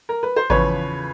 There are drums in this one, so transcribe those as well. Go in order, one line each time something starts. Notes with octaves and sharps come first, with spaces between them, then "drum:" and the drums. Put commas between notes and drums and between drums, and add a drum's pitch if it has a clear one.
A#4
B4
C5
E2 C#3 F3 B4 C#5, drum: kick G#1